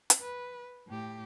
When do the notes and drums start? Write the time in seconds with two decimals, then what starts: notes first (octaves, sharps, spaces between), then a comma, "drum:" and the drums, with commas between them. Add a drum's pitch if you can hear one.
0.10 drum: hi-hat
0.21 B4
0.87 A2 G4